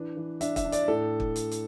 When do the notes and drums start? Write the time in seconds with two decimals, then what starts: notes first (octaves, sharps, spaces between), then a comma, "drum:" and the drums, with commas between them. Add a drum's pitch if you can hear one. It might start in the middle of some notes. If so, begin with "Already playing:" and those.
Already playing: E3 D4 B4
0.17 E3
0.41 D4 E5, drum: hi-hat
0.56 E5, drum: kick, hi-hat
0.65 D4
0.72 D5, drum: hi-hat
0.88 A2 A4
1.20 drum: kick
1.36 drum: hi-hat
1.51 drum: hi-hat